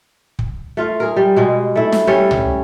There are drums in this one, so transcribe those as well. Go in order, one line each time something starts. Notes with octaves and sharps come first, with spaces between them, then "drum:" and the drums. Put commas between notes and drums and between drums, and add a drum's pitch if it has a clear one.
drum: kick
A3 F4 F5
G#4 A#4
G3
B2 G#3
A3 E4
drum: snare
G3 C#4 C#5 E5
drum: tom